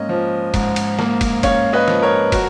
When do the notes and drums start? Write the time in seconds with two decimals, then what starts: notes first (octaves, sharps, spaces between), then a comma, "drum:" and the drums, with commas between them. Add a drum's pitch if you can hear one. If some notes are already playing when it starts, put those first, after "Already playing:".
Already playing: G#2 A#3 C#4 D#5
0.09 F3
0.54 G#2, drum: kick, cymbal
0.76 drum: cymbal
0.99 A#3, drum: snare
1.21 drum: kick, cymbal
1.43 C#4 C#5 F5, drum: kick, cymbal
1.73 B4 D#5
1.88 F3, drum: snare
2.02 A#4 C#5
2.32 F#4 A#4, drum: kick, cymbal